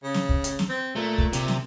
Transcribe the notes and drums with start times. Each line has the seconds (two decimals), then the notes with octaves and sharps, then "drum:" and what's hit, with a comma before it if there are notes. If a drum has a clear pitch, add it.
0.03 C#3
0.14 drum: snare
0.29 drum: kick
0.44 drum: hi-hat
0.59 drum: snare
0.69 C4
0.96 A#2 A3
1.18 drum: kick
1.33 C3, drum: hi-hat
1.48 drum: snare